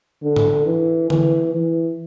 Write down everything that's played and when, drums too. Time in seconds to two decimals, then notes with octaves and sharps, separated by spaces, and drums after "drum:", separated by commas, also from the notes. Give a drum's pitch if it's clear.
0.22 D3
0.36 drum: tom G#2
0.66 E3
1.10 E3, drum: tom D3
1.54 E3